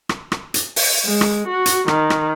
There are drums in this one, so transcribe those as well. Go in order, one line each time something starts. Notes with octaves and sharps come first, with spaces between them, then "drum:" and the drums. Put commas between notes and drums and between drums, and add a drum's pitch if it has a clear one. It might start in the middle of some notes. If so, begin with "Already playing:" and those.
drum: rim click
drum: rim click
drum: hi-hat
drum: open hi-hat
G#3
drum: rim click
F#4
drum: hi-hat
D#3, drum: rim click
drum: rim click